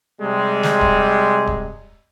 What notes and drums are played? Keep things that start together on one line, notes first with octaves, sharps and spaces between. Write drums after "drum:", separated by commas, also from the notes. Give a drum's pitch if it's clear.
C3 G3 G#3
drum: snare
drum: kick D1
drum: kick D1